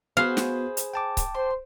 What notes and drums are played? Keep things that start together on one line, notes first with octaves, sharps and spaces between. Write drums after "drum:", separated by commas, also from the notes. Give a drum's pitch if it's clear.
B3 F#4 G#4 B4 C5 F5
drum: snare
drum: hi-hat
G5 A5 D6
drum: kick C#1, hi-hat
C5 C6